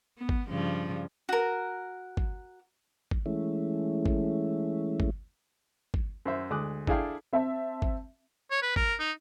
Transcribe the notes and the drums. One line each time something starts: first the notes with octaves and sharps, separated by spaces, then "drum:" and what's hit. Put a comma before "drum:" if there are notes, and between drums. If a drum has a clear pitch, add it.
B3
drum: kick
G2 C#3 F3
F#4 A#4
drum: kick
drum: kick
E3 G#3 A3 C#4 E4
drum: kick
drum: kick
drum: kick
F#2 C5 E5
D2 G#3 D6 D#6 F#6
D4 E4 G#4 A4 F5 G5, drum: kick
C4 E5 A5
drum: kick
C#5
B4
A#4, drum: kick
D#4